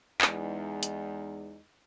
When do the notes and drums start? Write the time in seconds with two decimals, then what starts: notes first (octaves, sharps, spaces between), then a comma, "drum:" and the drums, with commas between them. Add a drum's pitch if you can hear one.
0.21 E2 G#3 D#4, drum: clap
0.83 drum: hi-hat